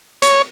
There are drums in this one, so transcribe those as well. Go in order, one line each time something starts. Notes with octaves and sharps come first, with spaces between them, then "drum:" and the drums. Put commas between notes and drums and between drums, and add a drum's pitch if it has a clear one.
C#5, drum: hi-hat